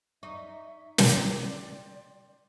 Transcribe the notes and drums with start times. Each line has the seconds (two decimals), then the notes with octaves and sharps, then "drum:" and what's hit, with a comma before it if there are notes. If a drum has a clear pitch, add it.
0.23 D#4 E5 C#6
0.98 D5 G5 C6 D6, drum: snare